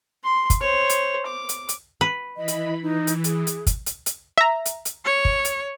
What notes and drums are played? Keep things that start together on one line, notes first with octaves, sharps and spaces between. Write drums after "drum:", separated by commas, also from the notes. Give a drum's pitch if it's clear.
C6
drum: kick, hi-hat
C5 C#5
drum: hi-hat
D6
drum: hi-hat
drum: hi-hat
B4
E3 D#5 B5
drum: hi-hat
E3 D#4
drum: hi-hat
G#4, drum: hi-hat
drum: hi-hat
drum: kick, hi-hat
drum: hi-hat
drum: hi-hat
E5 A#5
drum: hi-hat
drum: hi-hat
C#5
drum: kick
drum: hi-hat